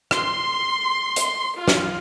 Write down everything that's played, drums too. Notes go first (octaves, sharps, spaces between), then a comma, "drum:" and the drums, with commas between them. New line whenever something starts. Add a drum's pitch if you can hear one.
C6, drum: rim click
drum: hi-hat
F4
drum: snare